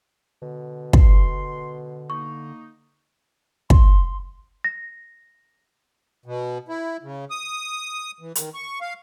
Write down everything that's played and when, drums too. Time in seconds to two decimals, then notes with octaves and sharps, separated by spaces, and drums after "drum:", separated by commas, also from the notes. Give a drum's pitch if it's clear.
0.42 B2 D3
0.93 C6, drum: kick
2.10 A#3 D#4 C#6
3.70 C6, drum: kick
4.64 A#6
6.26 B2
6.69 E4
7.03 C#3
7.30 D#6
8.20 E3
8.35 D#3, drum: hi-hat
8.54 C#6
8.81 F5